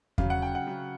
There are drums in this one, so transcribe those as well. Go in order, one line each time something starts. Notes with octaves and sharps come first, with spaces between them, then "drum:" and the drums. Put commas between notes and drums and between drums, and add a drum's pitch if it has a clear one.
C#3 F#3 F5, drum: kick E2
F#5
G5
F#5
C#3 F#3